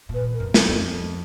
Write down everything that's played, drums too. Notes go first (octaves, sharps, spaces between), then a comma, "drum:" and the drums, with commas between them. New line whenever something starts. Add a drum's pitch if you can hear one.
A#2 B4
E2
A#4
F2
F2 A4, drum: snare
E2
F2